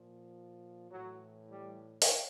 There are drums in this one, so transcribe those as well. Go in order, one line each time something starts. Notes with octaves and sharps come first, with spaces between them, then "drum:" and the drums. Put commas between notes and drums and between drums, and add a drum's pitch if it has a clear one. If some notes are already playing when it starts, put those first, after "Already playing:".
Already playing: A#2 F3
A2 E3 F#3
G3
drum: open hi-hat